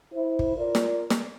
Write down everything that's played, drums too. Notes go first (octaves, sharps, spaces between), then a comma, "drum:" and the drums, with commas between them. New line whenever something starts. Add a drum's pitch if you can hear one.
E4 C5
drum: kick G#1
F4 A#4 D5
drum: snare
drum: snare